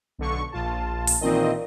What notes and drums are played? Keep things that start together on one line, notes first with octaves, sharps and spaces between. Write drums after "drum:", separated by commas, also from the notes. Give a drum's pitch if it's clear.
B1 D3 C#6
A#1 F4 A5
drum: open hi-hat
A#2 D#3 E3 C4 D#5